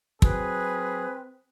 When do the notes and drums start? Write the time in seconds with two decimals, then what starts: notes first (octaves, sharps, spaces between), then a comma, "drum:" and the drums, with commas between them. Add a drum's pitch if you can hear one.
0.22 F#3 C4 G#4 B4, drum: kick